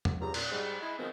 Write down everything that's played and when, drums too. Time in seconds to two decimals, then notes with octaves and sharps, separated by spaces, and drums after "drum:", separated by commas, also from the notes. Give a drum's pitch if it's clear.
0.05 drum: tom E2
0.20 C#2 G2 A#5
0.34 A#2, drum: cymbal
0.50 G#2 G3
0.81 G#3 E4
0.98 B2 D#3 F3 G#3 B3 C4